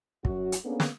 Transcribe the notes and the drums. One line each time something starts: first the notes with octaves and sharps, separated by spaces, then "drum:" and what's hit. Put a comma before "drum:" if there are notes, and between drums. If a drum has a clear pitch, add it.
F#2 F#3 F#4, drum: kick
drum: hi-hat
A#3 B3 C#4 D4 G#4 A4
drum: snare